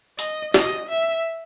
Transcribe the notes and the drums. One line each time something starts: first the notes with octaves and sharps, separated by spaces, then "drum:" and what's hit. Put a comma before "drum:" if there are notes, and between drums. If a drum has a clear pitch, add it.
D#5, drum: hi-hat
D#5, drum: snare
E5